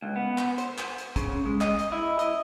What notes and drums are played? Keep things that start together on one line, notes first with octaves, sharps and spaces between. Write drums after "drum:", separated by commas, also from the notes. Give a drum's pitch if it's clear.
C#2
B3
drum: clap
C5, drum: hi-hat
drum: clap
drum: hi-hat
C#3, drum: kick, hi-hat
G#3
D#5, drum: clap
drum: hi-hat
E4
D#5, drum: hi-hat